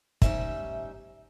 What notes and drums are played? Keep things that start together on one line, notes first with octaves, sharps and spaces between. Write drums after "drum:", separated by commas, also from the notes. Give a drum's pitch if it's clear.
G3 A3 C#4 D#4 C5 E5, drum: kick